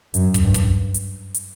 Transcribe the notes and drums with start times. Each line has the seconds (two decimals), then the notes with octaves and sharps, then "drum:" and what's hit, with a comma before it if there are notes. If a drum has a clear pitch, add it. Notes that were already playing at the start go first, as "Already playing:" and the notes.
0.14 F#2, drum: hi-hat
0.34 drum: kick, hi-hat
0.44 G2
0.54 drum: kick, hi-hat
0.94 drum: hi-hat
1.34 drum: hi-hat